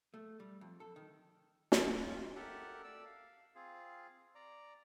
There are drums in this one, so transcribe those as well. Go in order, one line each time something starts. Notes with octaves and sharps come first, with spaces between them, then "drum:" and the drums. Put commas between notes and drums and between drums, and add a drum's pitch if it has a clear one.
A3
G3
F2
A4
D#3
drum: snare
F4
G4 A4 A#4 E5 F#5
A4 D5 E6
F5
C4 F4 G#4 F5
D5 A#5